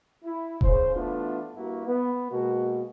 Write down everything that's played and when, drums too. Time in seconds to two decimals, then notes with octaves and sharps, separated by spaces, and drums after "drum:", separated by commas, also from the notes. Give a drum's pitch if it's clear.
0.24 E4
0.61 C#3 C5, drum: kick E1
0.94 E3 A3 B3 D4 E4 F4
1.55 G2 A#3 E4 F#4
1.87 B3
2.30 B2 G#3 A#3 B3 F#4